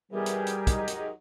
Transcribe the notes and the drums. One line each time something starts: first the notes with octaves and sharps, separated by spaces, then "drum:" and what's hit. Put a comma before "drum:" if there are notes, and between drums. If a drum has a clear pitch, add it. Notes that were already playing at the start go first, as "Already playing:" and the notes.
B2 E3 G3 G4 G#4 A#4
drum: hi-hat
drum: hi-hat
F#3 G#3 D#4, drum: kick, hi-hat
drum: hi-hat